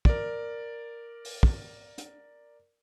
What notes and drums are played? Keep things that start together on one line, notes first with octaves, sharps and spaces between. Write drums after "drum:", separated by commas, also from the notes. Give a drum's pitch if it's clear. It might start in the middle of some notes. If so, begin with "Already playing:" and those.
A#4 D5, drum: kick
drum: open hi-hat
drum: kick
drum: hi-hat